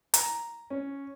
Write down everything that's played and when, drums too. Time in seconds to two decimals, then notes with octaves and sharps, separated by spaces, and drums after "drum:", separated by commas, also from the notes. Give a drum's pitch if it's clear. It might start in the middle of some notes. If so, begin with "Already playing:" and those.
0.14 A#5, drum: hi-hat
0.70 C#4